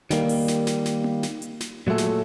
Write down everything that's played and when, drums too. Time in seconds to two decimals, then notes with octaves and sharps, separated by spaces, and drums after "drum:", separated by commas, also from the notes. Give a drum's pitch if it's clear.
0.11 D#3 G3 A#3, drum: snare
0.29 drum: open hi-hat
0.48 drum: snare
0.67 drum: snare
0.85 drum: snare
1.04 drum: tom A#3
1.23 drum: snare
1.42 drum: hi-hat
1.60 drum: snare
1.87 A#2 F#3 G#3 A3 A4
1.98 drum: snare